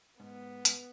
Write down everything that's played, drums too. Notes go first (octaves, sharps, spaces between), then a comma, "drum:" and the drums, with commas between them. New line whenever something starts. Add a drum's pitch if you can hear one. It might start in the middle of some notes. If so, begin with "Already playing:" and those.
G#2 B3
drum: hi-hat